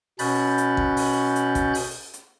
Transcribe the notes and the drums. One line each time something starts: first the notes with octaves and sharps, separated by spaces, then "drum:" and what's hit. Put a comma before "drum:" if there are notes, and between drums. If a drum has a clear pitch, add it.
B2 C#4 B5 F#6 G6 A6, drum: open hi-hat
drum: hi-hat
drum: kick A1
drum: open hi-hat
drum: hi-hat
drum: kick A1, hi-hat
drum: open hi-hat
drum: hi-hat